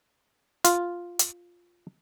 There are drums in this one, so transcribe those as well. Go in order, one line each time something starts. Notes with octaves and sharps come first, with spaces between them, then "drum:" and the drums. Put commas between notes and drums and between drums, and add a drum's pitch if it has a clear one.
F4, drum: hi-hat
drum: hi-hat